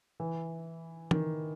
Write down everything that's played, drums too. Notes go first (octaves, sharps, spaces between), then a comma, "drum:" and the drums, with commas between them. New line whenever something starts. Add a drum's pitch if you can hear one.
E3
D#3, drum: tom E3